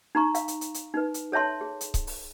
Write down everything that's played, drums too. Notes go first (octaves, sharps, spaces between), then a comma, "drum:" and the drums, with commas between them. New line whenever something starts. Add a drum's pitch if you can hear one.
D#4 A#5 C#6
F5, drum: hi-hat
drum: hi-hat
drum: hi-hat
drum: hi-hat
D#4 B4
drum: hi-hat
A4 C#5 E5 A5 C6
G#4
drum: hi-hat
drum: kick C#1, hi-hat
drum: open hi-hat